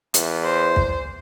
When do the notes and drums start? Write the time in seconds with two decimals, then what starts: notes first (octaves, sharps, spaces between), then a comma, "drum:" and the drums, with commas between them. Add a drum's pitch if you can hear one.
0.14 E2, drum: hi-hat
0.44 C5
0.76 drum: kick